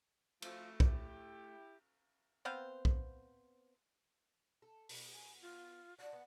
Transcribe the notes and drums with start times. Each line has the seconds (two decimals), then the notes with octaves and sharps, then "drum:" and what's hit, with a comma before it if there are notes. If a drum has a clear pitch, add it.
0.42 F3 A3, drum: cymbal
0.80 E4 G4, drum: kick B1
2.45 B3 C4 C5 F5
2.85 drum: kick B1
4.62 A4
4.89 B2 B3, drum: open hi-hat
5.13 G#5
5.42 F4
5.99 D4 F#5
6.13 B3